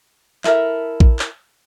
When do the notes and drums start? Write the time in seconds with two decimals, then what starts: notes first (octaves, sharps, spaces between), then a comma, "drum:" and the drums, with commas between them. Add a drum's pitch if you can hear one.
0.44 E4 A4 A#4 E5, drum: clap
1.00 drum: kick A#1
1.19 drum: clap